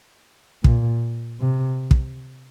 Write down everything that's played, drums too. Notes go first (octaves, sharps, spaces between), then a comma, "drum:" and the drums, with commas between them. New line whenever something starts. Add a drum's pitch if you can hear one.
A#2, drum: kick
C3
drum: kick